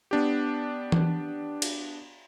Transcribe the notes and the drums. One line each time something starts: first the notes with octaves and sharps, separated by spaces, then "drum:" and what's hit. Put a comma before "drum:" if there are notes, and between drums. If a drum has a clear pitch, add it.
B3 D4 G4
drum: tom E3
drum: cymbal